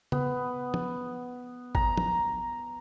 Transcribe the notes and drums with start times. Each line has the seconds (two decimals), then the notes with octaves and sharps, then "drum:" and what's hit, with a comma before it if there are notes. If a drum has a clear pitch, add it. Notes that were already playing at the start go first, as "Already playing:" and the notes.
0.12 B3, drum: tom
0.74 drum: tom
1.75 A#5, drum: kick G#1
1.97 drum: tom